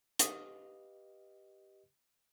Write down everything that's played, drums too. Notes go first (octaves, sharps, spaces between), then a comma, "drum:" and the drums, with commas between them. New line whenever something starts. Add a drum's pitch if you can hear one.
G4 B4 D#5 F5 D#6, drum: hi-hat